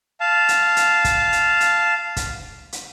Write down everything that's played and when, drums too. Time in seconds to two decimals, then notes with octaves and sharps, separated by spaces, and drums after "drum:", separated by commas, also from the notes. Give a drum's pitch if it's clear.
0.21 F5 A5
0.49 drum: hi-hat
0.77 drum: hi-hat
1.05 drum: kick, hi-hat
1.33 drum: hi-hat
1.61 drum: hi-hat
2.17 drum: kick, hi-hat
2.72 drum: hi-hat